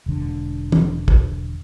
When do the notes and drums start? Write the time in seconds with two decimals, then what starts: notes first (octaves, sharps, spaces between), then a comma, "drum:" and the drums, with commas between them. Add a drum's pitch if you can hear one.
0.06 E1 D3
0.72 drum: tom
1.08 drum: kick